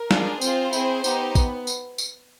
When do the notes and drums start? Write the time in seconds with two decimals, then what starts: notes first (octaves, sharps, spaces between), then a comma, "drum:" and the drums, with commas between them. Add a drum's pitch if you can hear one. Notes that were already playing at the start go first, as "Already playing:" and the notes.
Already playing: A#4
0.11 D4 F4 G#4, drum: snare
0.41 C4 F4 G#4 C5, drum: tambourine
0.73 C4 E4 G#4, drum: tambourine
1.04 B3 D#4 G4, drum: tambourine
1.35 B3, drum: kick, tambourine
1.67 drum: tambourine
1.98 drum: tambourine